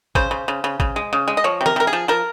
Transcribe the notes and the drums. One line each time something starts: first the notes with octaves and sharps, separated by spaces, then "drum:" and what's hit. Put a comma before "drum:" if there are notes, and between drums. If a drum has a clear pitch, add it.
C#3 C5, drum: kick
C#3
C#3
C#3
C#3, drum: kick
G#3
C#3
G#3
D#5
F3 C#5
C3
A#4, drum: snare
C3 A#4
G#4
F3
F3 A#4